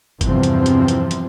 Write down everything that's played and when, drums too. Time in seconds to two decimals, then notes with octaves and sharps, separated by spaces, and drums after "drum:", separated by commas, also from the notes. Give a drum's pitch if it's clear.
0.21 E2 G2 C3 E3 F3 C4, drum: kick G1, hi-hat
0.43 drum: hi-hat
0.66 drum: hi-hat
0.88 drum: hi-hat
1.11 drum: hi-hat